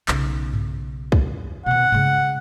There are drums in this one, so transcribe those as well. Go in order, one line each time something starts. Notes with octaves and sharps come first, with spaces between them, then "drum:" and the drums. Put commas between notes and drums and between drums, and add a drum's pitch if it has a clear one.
B1 C#3, drum: clap
drum: tom G2
drum: kick
B2 D#3 F#5
C#3 G#3, drum: tom G2